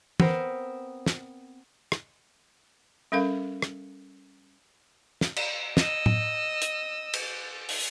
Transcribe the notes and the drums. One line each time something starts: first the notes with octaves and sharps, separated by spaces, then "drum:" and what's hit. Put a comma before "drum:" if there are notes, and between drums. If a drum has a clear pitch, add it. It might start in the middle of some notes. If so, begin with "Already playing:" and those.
B3 C4 A#4 C5, drum: tom
drum: snare
drum: rim click
G3 C#4 A4 A#4 F5
drum: rim click
drum: snare
drum: cymbal
D#5 E6, drum: snare
drum: tom A2
drum: hi-hat
drum: cymbal
drum: open hi-hat